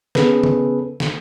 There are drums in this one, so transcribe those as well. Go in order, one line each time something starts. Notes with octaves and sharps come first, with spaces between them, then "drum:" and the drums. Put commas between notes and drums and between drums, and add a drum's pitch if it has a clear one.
B3 C#4 G#4 A4 B4, drum: snare
drum: tom C#3
drum: snare